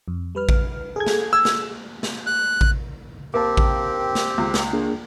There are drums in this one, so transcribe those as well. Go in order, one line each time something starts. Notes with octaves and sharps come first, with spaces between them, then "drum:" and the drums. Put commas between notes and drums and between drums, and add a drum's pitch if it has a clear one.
F2
G3 B4 F6
drum: kick A1
G#4 A4 G#6
drum: snare
E6
drum: snare
drum: snare
F#6
drum: kick A1
A#3 C4 G4 A5 D6
drum: kick A1
drum: snare
C#2
drum: snare
A#3 D4 G#4